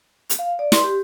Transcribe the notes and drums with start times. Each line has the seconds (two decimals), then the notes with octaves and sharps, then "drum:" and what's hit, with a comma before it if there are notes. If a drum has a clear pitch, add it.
0.30 drum: hi-hat
0.39 F5
0.59 D5
0.72 C6, drum: snare
0.84 G4